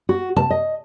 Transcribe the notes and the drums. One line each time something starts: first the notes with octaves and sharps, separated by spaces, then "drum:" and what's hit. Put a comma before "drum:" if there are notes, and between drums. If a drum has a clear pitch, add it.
F#4
A5, drum: tom C3
D#5